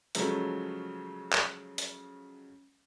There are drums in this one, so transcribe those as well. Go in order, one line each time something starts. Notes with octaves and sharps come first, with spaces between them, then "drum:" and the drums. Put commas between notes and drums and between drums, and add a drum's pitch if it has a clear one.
C#3 F3 F#3 G#3 A3, drum: hi-hat
drum: clap
drum: hi-hat